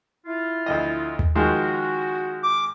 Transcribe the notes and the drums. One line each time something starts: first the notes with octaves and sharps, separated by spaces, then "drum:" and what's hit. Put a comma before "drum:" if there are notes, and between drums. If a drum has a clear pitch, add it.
E4 F4
D2 F3 D#5
drum: tom D#2
D#3 F3 G#3 F#4
D6